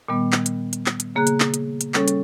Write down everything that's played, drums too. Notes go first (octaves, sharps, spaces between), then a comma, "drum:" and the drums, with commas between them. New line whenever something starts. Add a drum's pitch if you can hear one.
A#2 D#3 G3 B3
drum: clap
drum: hi-hat
drum: hi-hat
drum: clap
drum: hi-hat
C#3 A#3 G#4 A#5 F#6
drum: hi-hat
drum: clap
drum: hi-hat
drum: hi-hat
G3 C#4 A4 C#5, drum: clap
drum: hi-hat